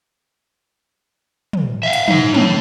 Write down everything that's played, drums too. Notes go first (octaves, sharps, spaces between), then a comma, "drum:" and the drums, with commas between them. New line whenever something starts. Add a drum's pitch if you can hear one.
drum: tom
E5 F5
drum: hi-hat
D#4 C5, drum: tom
A3 C#5, drum: tom